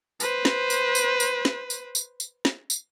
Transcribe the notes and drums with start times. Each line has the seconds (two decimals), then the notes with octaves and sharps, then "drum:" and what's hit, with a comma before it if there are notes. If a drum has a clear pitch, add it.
0.20 B4 C5, drum: tambourine
0.45 drum: snare
0.70 drum: tambourine
0.95 drum: tambourine
1.20 drum: tambourine
1.45 drum: snare
1.70 drum: tambourine
1.95 drum: tambourine
2.20 drum: tambourine
2.45 drum: snare
2.70 drum: tambourine